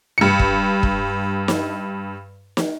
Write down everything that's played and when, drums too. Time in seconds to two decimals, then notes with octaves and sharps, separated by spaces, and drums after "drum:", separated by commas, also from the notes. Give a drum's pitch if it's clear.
0.18 G2 C#7
0.39 drum: kick
0.83 drum: kick
1.48 drum: snare
2.57 drum: snare